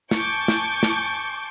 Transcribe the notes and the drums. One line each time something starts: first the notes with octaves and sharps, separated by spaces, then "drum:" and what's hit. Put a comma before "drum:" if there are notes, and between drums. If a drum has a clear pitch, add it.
G#5 A5 C#6 D6 G6, drum: snare
drum: snare
drum: snare